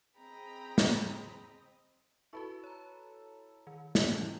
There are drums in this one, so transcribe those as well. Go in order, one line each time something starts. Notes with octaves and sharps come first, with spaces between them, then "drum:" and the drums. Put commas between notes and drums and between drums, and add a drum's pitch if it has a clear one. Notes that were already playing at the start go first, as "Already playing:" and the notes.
C4 G#4 D#5 G5 A#5 B5
drum: snare
E4 F#4 A4 B4 C#6
C#5 A#5
D#3
drum: snare
C3 E3 C#4 E4